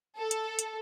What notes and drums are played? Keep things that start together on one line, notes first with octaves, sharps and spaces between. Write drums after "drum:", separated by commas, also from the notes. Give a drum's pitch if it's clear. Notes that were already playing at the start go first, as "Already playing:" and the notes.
A4
drum: hi-hat
drum: hi-hat